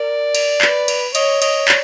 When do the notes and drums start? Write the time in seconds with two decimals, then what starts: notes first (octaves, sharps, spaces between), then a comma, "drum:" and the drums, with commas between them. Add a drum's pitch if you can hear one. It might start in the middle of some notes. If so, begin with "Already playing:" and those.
Already playing: A#4 D5
0.35 drum: cymbal
0.61 B4, drum: clap
0.88 drum: cymbal
1.15 C#5 D#5, drum: cymbal
1.42 D#5, drum: cymbal
1.68 D5, drum: clap